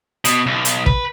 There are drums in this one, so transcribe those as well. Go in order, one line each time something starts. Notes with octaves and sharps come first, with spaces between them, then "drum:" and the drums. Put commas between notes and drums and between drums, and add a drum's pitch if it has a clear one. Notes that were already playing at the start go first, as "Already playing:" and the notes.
B2, drum: hi-hat
B1
drum: hi-hat
B4, drum: kick